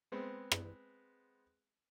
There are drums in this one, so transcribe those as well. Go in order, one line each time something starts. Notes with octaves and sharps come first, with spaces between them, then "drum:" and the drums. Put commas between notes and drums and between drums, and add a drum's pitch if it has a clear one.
G#3 B3 C4
drum: rim click